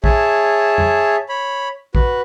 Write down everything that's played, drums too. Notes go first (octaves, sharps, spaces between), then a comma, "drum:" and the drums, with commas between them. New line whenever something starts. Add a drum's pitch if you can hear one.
G#4 C#5 E5 A5, drum: kick
drum: tom F2
C#5 B5
F#4 B4, drum: kick